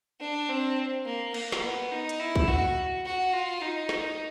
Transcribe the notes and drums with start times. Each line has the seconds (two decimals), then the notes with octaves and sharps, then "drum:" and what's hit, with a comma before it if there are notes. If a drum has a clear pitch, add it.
0.20 D4
0.49 C4
1.06 A#3
1.34 A#3, drum: cymbal
1.52 drum: snare
1.62 B3
1.91 D#4
2.09 drum: hi-hat
2.19 E4
2.36 drum: kick
2.48 F#4
3.05 F#4
3.33 F4
3.61 D#4
3.89 drum: snare